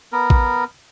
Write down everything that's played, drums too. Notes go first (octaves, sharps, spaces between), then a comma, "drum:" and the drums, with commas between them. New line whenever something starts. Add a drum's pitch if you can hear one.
B3 A#4
drum: kick